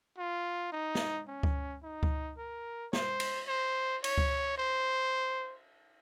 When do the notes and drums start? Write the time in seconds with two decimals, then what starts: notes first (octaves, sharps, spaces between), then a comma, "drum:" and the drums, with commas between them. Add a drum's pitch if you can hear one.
0.18 F4
0.73 D#4
0.95 drum: snare
1.28 C#4
1.43 drum: kick C#2
1.83 D#4
2.03 drum: kick C#2
2.38 A#4
2.93 C5, drum: snare
3.20 drum: cymbal
3.48 C5
4.04 C#5, drum: cymbal
4.18 drum: kick C#2
4.58 C5